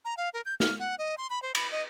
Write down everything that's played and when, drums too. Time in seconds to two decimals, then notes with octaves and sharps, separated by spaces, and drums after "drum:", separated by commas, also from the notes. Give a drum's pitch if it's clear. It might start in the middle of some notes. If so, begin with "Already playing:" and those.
0.05 A#5
0.17 F5
0.34 A#4
0.45 G6
0.60 F6, drum: snare
0.79 F#5
0.98 D#5
1.18 C6
1.30 B5
1.42 C5
1.55 B5, drum: cymbal
1.72 D#5